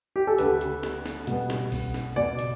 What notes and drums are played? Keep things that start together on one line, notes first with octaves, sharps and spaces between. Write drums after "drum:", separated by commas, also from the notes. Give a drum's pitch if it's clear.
G4
A4
D2 D3 A3 B4, drum: hi-hat
drum: hi-hat
drum: snare
drum: snare
B2 G3 B3, drum: hi-hat
drum: snare
drum: kick, open hi-hat
drum: snare
B2 B3 D5
drum: hi-hat